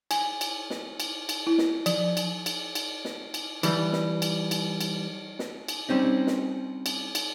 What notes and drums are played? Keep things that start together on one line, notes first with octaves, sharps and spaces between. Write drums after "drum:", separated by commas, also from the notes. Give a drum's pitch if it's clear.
G#5, drum: cymbal
drum: cymbal
drum: snare
drum: cymbal
drum: cymbal
E4
drum: snare
F3, drum: cymbal
drum: cymbal
drum: cymbal
drum: cymbal
drum: snare
drum: cymbal
E3 G3, drum: cymbal
drum: snare
drum: cymbal
drum: cymbal
drum: cymbal
drum: snare
drum: cymbal
G3 C4 C#4 D#4
drum: snare
drum: cymbal
drum: cymbal